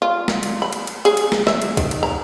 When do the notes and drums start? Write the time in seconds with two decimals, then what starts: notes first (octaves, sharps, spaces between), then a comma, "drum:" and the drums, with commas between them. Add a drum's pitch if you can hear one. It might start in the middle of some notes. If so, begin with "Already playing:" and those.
0.02 F4
0.28 drum: snare
0.43 drum: cymbal
0.62 B5
0.73 drum: cymbal
0.87 drum: cymbal
1.05 G#4, drum: cymbal
1.17 drum: cymbal
1.32 drum: snare
1.47 E5, drum: snare
1.62 drum: cymbal
1.77 D#3, drum: kick, cymbal
1.91 drum: cymbal
2.03 A#5